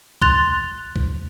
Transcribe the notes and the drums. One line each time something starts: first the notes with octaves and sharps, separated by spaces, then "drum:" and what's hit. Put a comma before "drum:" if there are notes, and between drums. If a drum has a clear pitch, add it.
C6 F#6 A6 F7, drum: kick C2
drum: kick C2